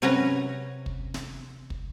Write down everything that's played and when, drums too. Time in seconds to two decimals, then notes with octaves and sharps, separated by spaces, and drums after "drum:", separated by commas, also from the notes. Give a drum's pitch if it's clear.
0.02 C3 F#3 C#4 B4 G#5 A#5
0.86 drum: kick
1.14 drum: snare
1.70 drum: kick